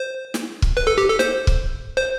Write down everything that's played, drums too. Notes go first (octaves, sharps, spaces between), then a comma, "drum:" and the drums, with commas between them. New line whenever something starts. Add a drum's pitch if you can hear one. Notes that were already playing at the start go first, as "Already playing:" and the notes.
Already playing: C5
drum: snare
drum: kick
B4
A4
G4
A4
C5, drum: snare
drum: kick
C5